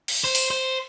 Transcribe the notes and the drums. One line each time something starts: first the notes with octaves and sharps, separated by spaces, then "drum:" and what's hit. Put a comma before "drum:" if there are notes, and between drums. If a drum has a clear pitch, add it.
drum: cymbal
C5
drum: open hi-hat
C5